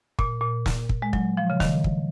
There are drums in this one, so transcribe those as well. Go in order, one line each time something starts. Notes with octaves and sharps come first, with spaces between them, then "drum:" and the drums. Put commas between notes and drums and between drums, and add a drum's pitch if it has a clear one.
A#2, drum: kick
A#2
drum: snare
drum: kick
G#3
F#3, drum: kick
F3
C#3
D#3, drum: snare
drum: kick